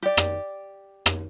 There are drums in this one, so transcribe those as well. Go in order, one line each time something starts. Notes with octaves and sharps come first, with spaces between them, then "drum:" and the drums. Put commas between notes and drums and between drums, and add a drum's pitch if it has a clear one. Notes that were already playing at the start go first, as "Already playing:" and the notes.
G4 D5
drum: rim click
drum: rim click